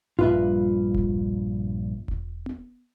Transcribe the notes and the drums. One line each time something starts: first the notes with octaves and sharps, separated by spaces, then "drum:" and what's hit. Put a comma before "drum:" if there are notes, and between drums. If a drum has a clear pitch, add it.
A#1 G2 G3 F4 B4 E5
drum: kick E1
drum: kick E1
drum: tom B3